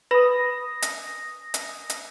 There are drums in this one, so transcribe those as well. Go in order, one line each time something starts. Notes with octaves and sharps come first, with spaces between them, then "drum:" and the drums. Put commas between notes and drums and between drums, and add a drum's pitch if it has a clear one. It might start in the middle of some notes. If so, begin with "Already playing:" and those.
B4 B5 D#6 A#6
drum: hi-hat
drum: hi-hat
drum: hi-hat